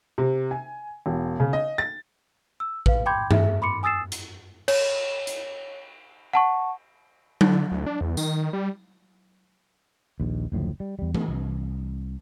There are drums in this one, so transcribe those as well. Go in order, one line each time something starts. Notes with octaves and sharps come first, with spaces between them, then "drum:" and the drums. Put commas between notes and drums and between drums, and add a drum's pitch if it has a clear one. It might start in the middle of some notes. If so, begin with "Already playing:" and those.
C3
G#5
E1
C#3
D#5
A6
E6
B4 F5, drum: kick A1
G5 B5 C6 D6 G6 G#6
G#4 E5, drum: tom G2
B5 C6 D6 C#7
G#5 D#6 E6 A6 C7 E7
drum: hi-hat
C#5, drum: cymbal
drum: hi-hat
F#5 A5 C#6
D3, drum: tom F#3
D2
D4
E2
D#3, drum: tambourine
G3
A#1 D#2
F#1 D2 A2 F3
G3
E2 G3
E3 A3 B3, drum: tom E3
C2